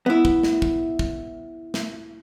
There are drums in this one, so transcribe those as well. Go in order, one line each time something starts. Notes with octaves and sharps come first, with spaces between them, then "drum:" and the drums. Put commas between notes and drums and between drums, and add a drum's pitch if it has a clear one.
B3 E4
drum: kick
drum: snare
drum: kick
drum: kick
drum: snare